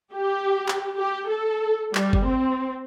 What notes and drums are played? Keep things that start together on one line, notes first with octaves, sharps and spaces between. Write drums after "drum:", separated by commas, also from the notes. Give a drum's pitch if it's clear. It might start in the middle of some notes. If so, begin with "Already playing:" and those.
G4
drum: clap
G4
A4
G3, drum: clap
drum: kick G#1
C4